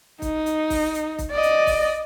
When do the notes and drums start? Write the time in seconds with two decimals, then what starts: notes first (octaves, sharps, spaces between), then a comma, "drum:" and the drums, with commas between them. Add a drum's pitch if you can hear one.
0.22 D#4, drum: kick, hi-hat
0.46 drum: hi-hat
0.70 drum: kick, open hi-hat
0.94 drum: hi-hat
1.18 drum: kick, hi-hat
1.31 D5 D#5
1.43 drum: hi-hat
1.67 drum: kick, open hi-hat